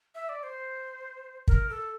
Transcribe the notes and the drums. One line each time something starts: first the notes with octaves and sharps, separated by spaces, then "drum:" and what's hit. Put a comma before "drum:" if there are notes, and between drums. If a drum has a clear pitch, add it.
E5
D5
C5
A#4, drum: kick
A4